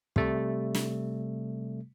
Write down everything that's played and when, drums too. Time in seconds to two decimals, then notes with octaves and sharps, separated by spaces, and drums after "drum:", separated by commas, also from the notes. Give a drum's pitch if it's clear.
0.16 C3 G3 A3, drum: kick
0.74 drum: snare